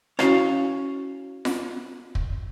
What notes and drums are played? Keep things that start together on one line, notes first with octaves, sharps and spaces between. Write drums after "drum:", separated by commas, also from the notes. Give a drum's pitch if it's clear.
C#4 E4 F#4 F5, drum: rim click
drum: snare F4
drum: kick